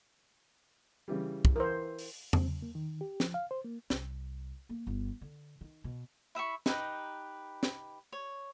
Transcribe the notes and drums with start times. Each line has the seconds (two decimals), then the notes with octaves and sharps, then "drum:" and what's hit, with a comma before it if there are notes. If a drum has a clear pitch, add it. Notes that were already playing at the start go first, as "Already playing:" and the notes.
1.08 C#3 E3 G3
1.45 drum: kick
1.56 E3 A#4 C5
1.99 drum: open hi-hat
2.33 C4, drum: tom E2
2.47 C#3
2.62 A#3
2.75 D#3
3.01 G4
3.20 F3, drum: snare
3.34 F5
3.51 C5
3.65 A#3
3.90 C2, drum: snare
4.69 A#3
4.87 G1
5.21 D3
5.61 D#3
5.84 B2
6.35 E4 E5 B5 C#6
6.66 D#4 G4 B4 A#5, drum: snare
7.63 drum: snare
8.12 C#5